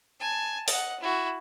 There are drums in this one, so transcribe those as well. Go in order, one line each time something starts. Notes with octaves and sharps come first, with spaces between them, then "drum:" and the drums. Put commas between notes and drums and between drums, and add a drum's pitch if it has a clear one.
G#5 A5
D#5 F#5, drum: open hi-hat
E4 F#4